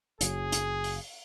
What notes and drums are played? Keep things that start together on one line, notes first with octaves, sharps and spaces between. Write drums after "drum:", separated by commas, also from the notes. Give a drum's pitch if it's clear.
F#1 F#3 G#4, drum: hi-hat
drum: hi-hat
drum: open hi-hat